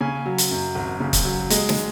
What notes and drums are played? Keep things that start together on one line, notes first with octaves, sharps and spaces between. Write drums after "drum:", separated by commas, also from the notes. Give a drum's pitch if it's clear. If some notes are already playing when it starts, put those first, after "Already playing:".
C#3 G#5
F#3
drum: hi-hat
F#2
G#1
C#3
drum: kick C#1, hi-hat
F#3
G#3, drum: hi-hat
drum: snare